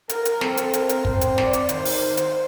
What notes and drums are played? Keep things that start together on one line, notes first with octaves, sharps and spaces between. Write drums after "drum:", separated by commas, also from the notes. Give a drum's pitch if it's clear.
A#4, drum: hi-hat
drum: hi-hat
C4 A4, drum: snare
drum: hi-hat
A#4, drum: hi-hat
drum: hi-hat
C4 C5, drum: kick
drum: hi-hat
D5, drum: snare
drum: hi-hat
D#3 C5, drum: hi-hat
drum: open hi-hat
drum: hi-hat